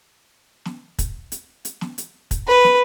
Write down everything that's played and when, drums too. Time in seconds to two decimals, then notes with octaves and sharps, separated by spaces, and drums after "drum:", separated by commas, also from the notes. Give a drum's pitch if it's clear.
0.65 drum: snare
0.99 drum: kick, hi-hat
1.32 drum: hi-hat
1.65 drum: hi-hat
1.81 drum: snare
1.98 drum: hi-hat
2.31 drum: kick, hi-hat
2.47 B4
2.64 drum: snare